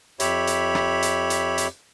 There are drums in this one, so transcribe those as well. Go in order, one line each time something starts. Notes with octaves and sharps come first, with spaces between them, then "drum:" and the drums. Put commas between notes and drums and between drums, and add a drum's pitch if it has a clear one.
F2 G4 C#5 E5 B5, drum: hi-hat
drum: hi-hat
drum: rim click
drum: hi-hat
drum: hi-hat
drum: hi-hat